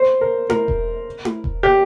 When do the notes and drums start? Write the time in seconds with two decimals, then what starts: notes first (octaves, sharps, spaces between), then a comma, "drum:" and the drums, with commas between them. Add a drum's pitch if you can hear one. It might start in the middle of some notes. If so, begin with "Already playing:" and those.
Already playing: C5
0.21 A#4
0.50 A#4, drum: tom E4
0.68 drum: kick E1
1.25 drum: tom E4
1.44 drum: kick E1
1.63 G4